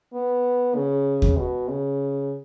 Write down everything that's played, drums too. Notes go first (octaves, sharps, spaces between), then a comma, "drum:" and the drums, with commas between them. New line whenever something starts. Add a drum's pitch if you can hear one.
B3
C#3
drum: kick
B2
C#3